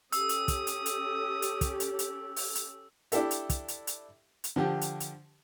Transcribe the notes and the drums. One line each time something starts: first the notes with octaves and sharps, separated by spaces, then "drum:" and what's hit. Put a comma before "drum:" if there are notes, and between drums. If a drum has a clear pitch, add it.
C#4 G4 A4 D#6 E6, drum: hi-hat
drum: hi-hat
drum: kick, hi-hat
drum: hi-hat
drum: hi-hat
drum: hi-hat
drum: kick, hi-hat
drum: hi-hat
drum: hi-hat
drum: open hi-hat
drum: hi-hat
D4 E4 G4 A4 E5, drum: hi-hat
drum: hi-hat
drum: kick, hi-hat
drum: hi-hat
drum: hi-hat
drum: hi-hat
D3 F3 G4
drum: hi-hat
drum: hi-hat